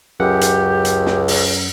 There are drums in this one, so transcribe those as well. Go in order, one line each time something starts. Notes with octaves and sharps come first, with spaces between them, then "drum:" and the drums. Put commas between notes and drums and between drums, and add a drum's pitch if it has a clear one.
C#2 F#2 C#4 G4 F#5
drum: hi-hat
drum: hi-hat
drum: snare
drum: open hi-hat